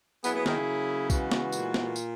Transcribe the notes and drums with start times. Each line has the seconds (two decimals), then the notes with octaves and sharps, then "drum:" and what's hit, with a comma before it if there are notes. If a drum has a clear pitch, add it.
0.24 F#3 A#3 B3 E4 G#4, drum: tambourine
0.35 B3
0.46 D#3, drum: snare
0.57 C#3
1.10 E3 G#3 B3 F#4, drum: kick, tambourine
1.32 drum: snare
1.52 A#2, drum: tambourine
1.74 drum: snare
1.96 drum: tambourine